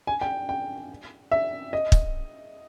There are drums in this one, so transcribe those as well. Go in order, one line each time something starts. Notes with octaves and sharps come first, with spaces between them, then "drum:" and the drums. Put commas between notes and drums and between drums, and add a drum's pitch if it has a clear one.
G#5
G5
G5
E5
D#5
drum: kick